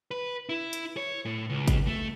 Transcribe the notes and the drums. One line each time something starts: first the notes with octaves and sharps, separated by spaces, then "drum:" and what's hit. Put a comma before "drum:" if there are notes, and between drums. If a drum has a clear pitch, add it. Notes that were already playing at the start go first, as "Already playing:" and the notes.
B4
E4
drum: hi-hat
C#5
A2
C#2
drum: kick, hi-hat
A3